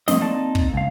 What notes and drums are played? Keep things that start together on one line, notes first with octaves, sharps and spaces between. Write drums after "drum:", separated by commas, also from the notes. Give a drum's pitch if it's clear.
F3 A3 A#3 C4 D#5, drum: snare
A#3 C4 D#4 A4 D5 A5
drum: kick
C#2 F5